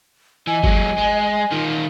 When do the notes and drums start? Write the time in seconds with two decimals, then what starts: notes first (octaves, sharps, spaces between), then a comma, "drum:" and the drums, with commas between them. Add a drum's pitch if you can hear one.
0.47 E3 D#5 G#5
0.64 F#3 G#3, drum: kick G1
0.97 G#3
1.52 D#3 F4